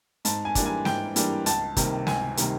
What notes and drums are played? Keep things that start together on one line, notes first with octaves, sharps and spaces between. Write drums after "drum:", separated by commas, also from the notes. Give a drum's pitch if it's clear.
G#2 A5, drum: hi-hat
G#5
E3 G3 A#3 D4, drum: kick, hi-hat
G#5
G#2 G5, drum: snare
E3 G3 A#3 D4, drum: hi-hat
C#2 A5, drum: hi-hat
C3 D#3 G3 A#3, drum: kick, hi-hat
C#2 G#5, drum: snare
C3 D#3 G3 A#3, drum: hi-hat